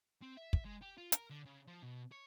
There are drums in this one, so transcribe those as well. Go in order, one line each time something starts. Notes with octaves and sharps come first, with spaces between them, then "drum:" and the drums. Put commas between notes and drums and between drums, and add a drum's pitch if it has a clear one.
C4
E5
drum: kick
G#3
G4
F4
A#4, drum: hi-hat
D3
C#3
F3
B2
C#5